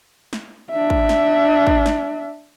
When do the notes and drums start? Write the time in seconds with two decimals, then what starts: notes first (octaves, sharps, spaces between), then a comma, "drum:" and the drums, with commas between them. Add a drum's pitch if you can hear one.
0.33 drum: snare
0.71 D4 E5
0.90 drum: kick
1.09 drum: snare
1.67 drum: kick
1.86 drum: snare